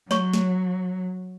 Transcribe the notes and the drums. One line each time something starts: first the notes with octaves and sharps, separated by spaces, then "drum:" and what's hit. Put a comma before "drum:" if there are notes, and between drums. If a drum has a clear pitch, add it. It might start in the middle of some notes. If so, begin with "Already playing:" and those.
F#3 C#5 C#6, drum: snare
drum: snare